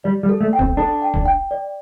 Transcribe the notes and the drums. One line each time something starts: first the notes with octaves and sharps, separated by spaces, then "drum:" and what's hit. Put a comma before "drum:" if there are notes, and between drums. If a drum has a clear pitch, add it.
G3 D5
G3
A4
A3
G5
C4, drum: kick
D4 A4
G5
drum: kick
G5
D5